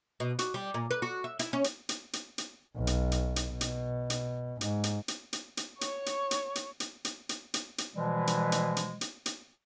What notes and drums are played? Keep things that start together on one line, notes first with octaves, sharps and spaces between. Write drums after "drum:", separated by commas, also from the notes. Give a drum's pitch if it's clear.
B2
F#4, drum: hi-hat
G3
A#2
B4
F#4
E5
E4, drum: hi-hat
C#4
drum: hi-hat
drum: hi-hat
drum: hi-hat
drum: hi-hat
B1
drum: hi-hat
drum: hi-hat
drum: hi-hat
B2
drum: hi-hat
drum: hi-hat
G#2, drum: hi-hat
drum: hi-hat
drum: hi-hat
drum: hi-hat
drum: hi-hat
C#5 C#6, drum: hi-hat
drum: hi-hat
drum: hi-hat
drum: hi-hat
drum: hi-hat
drum: hi-hat
drum: hi-hat
drum: hi-hat
drum: hi-hat
B2 E3 F3 G3 G#3
drum: hi-hat
drum: hi-hat
drum: hi-hat
drum: hi-hat
drum: hi-hat